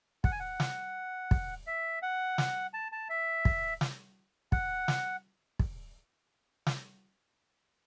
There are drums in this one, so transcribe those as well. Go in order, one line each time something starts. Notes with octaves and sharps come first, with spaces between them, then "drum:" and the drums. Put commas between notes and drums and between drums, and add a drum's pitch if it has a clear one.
F#5, drum: kick
G#5
F#5
drum: snare
drum: kick
E5
F#5
drum: snare
A5
A5
E5
drum: kick
drum: snare
F#5, drum: kick
drum: snare
drum: kick
drum: snare